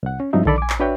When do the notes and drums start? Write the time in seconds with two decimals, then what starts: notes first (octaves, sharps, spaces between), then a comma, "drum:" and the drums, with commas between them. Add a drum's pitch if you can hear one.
0.03 C2 F#5
0.20 C#4
0.33 G2 F3 F#3 C4 D#4 E5
0.45 D3 D#3 A4 D5 B5, drum: kick A#1
0.58 G#5 D6
0.70 drum: clap
0.80 D4 F#4 B4 C#5 E5 G5